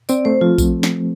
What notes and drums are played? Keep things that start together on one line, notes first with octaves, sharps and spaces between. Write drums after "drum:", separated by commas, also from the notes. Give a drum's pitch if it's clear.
C4 D5, drum: tambourine
A3 C5
F3 F4
drum: kick A#1, tambourine
drum: snare